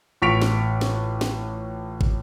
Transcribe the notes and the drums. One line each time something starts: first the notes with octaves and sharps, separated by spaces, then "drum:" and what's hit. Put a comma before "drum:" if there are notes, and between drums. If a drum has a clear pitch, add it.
A1 F4 C#6 B6 D7 F7
drum: snare
drum: snare
drum: snare
drum: kick